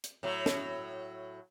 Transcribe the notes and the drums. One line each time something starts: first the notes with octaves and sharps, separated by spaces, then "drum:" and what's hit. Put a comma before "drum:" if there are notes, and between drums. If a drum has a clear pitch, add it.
drum: hi-hat
A2 F#3
drum: snare